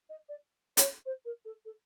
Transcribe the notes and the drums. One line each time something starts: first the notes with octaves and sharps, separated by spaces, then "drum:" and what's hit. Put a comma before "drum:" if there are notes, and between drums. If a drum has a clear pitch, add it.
D#5
D5
C#5, drum: hi-hat
C5
A#4
A4
A4